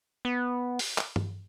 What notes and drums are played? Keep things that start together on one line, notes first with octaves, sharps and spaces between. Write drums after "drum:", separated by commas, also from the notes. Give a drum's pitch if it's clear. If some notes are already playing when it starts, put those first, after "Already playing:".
B3
drum: open hi-hat
drum: clap
drum: tom G2